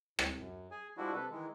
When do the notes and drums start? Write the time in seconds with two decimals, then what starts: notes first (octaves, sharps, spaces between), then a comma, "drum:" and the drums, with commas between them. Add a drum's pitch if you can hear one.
0.19 A2, drum: rim click
0.37 F#2
0.71 G#4 G#5
0.97 F3 G3 G#3 D4 E4 F#4
1.13 C3 A4 B4
1.31 D#3 E3 G#3